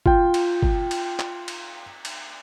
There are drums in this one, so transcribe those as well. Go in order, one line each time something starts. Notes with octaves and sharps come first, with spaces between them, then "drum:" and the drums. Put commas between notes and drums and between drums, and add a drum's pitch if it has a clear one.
F4 G5, drum: kick
drum: cymbal
drum: kick
drum: cymbal
drum: clap
drum: cymbal
drum: cymbal